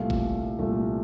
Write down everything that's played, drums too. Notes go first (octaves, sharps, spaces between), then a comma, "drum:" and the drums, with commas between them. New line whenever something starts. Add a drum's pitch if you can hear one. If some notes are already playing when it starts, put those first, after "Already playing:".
Already playing: C2 A#2 A3 F5
drum: kick G#1
C2 A#2 A3